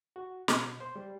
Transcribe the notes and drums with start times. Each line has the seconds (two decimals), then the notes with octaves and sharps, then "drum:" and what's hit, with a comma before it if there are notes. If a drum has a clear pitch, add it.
0.16 F#4
0.48 B2, drum: snare
0.80 C5
0.96 G3